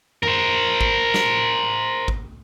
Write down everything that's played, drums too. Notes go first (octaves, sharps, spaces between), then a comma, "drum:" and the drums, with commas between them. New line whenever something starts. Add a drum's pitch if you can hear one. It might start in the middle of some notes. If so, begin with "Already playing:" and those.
A#4 C5, drum: tom F#2
drum: kick G#1
drum: snare
drum: kick G#1